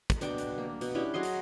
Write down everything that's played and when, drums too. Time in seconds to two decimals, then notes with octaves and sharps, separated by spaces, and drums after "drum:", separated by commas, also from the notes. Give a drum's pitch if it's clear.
0.10 drum: kick, hi-hat
0.21 B2 D4 G5 D6, drum: hi-hat
0.38 drum: hi-hat
0.58 A#3
0.81 B2, drum: hi-hat
0.95 C#4 D4 E4 G4
1.14 F#3 G#4 D#5 C6
1.23 drum: hi-hat